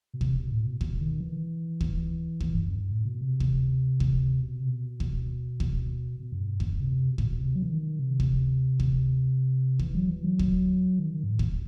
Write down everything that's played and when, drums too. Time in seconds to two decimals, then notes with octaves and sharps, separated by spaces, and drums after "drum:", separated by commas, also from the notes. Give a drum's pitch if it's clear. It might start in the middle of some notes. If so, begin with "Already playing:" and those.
0.14 B2
0.21 C3, drum: kick
0.36 B2
0.50 A2
0.66 B2
0.81 B2, drum: kick
1.01 D#3
1.21 E3
1.81 drum: kick
2.40 drum: kick
2.55 G2
2.61 F#2
2.76 G2
2.90 A2
3.05 B2
3.21 C3
3.40 drum: kick
4.00 drum: kick
4.40 B2
4.59 C3
4.70 B2
5.00 drum: kick
5.60 drum: kick
6.20 B2
6.32 F#2
6.40 G2
6.60 F#2, drum: kick
6.80 C3
7.10 B2
7.18 A2, drum: kick
7.26 B2
7.40 C3
7.55 F#3
7.63 E3
7.69 D#3
7.99 C3
8.20 drum: kick
8.80 drum: kick
9.79 E3, drum: kick
9.95 F#3
10.09 E3
10.24 F#3
10.39 drum: kick
10.99 D#3
11.14 D#3
11.24 G2
11.29 A2
11.39 drum: kick